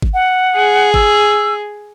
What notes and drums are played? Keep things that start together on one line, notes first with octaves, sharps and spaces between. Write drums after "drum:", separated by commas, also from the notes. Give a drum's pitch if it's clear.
drum: kick G1
F#5
G#4
E6, drum: kick G1